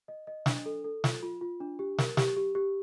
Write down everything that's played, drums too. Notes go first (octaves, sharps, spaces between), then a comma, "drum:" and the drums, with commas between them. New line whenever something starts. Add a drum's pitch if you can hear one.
D#5
D#5
D4, drum: snare
A4
A4
F4, drum: snare
F4
F4
D4
G4
A#4, drum: snare
G4, drum: snare
G4
G4